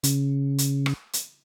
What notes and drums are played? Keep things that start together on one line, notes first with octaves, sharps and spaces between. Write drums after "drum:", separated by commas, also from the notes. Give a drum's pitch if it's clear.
C#3, drum: hi-hat
drum: hi-hat
drum: rim click
drum: hi-hat